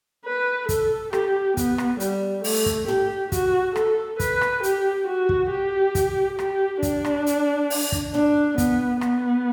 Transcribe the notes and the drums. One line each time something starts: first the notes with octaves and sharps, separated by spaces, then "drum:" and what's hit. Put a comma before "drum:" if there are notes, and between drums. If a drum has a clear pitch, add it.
B4
A4, drum: kick, hi-hat
G4, drum: rim click
B3, drum: kick, hi-hat
drum: rim click
G3, drum: hi-hat
A3, drum: open hi-hat
drum: kick
G4, drum: tom
F#4, drum: kick, hi-hat
A4, drum: rim click
B4, drum: kick, hi-hat
drum: rim click
G4, drum: hi-hat
F#4
drum: kick
G4
drum: kick, hi-hat
G4, drum: rim click
D4, drum: kick, hi-hat
drum: rim click
drum: hi-hat
drum: open hi-hat
drum: kick
D4, drum: tom
B3, drum: kick, hi-hat
B3, drum: rim click